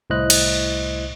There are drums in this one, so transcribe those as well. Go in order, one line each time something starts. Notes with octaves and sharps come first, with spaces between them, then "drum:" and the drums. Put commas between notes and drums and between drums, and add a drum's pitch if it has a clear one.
C2 A2 E4 C5 D#5 F#6
drum: cymbal